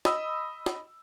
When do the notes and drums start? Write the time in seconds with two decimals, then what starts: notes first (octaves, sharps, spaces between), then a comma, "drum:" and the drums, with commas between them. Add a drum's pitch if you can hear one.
0.05 D#5 B5 D#6 E6, drum: snare
0.66 drum: snare